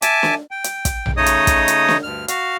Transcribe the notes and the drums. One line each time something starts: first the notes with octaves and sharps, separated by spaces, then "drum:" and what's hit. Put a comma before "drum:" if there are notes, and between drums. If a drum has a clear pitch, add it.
E5 G#5 A5 D6, drum: hi-hat
drum: snare
G5
drum: hi-hat
drum: kick, hi-hat
drum: tom A#1
C#3 A3 D#4 C#5 D#5 D#6
drum: hi-hat
drum: kick, hi-hat
drum: hi-hat
drum: snare
D2 G2 F6
F#4 F5 F6, drum: hi-hat